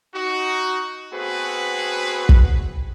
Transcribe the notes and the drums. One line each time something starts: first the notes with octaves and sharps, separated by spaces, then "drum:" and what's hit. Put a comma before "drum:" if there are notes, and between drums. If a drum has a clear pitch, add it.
D#4 F#4
A3 B3 C4 F#4 G#4 B4
drum: kick